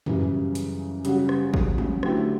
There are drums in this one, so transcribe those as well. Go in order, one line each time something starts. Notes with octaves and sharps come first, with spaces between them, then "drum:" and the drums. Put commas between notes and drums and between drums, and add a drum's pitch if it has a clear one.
F#2 C#3 E3 G3, drum: tom
drum: hi-hat
C#3 G3 C#4 F#4, drum: hi-hat
drum: rim click
drum: kick
drum: tom
D3 F#3 A3 E4 G4, drum: rim click